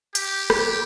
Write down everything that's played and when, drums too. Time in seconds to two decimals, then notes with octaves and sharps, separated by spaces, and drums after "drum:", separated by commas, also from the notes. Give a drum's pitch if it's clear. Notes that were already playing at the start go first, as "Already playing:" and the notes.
0.15 G4, drum: hi-hat
0.50 drum: rim click